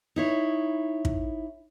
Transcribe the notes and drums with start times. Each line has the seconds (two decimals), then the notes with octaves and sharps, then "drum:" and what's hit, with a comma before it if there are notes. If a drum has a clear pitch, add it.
0.16 D#4 E4 C#5
1.05 drum: kick